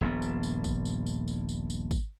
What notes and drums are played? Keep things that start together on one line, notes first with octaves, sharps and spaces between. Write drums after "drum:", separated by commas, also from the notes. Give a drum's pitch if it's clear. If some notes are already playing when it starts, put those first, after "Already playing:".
D#1 A#1 G2 B3
drum: tambourine
drum: tambourine
drum: kick, tambourine
drum: tambourine
drum: tambourine
drum: tambourine
drum: tambourine
drum: tambourine
drum: kick, tambourine